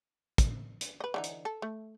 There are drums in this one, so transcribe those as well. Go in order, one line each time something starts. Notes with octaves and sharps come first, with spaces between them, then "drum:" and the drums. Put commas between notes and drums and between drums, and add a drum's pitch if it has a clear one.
drum: kick, hi-hat
drum: hi-hat
B4 D#5
D3 E3 D#4
drum: hi-hat
A4
A3